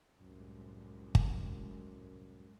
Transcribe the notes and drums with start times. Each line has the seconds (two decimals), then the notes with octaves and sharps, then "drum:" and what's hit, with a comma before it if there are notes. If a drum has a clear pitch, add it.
0.19 C2 F#2 A2 G#3
1.15 drum: kick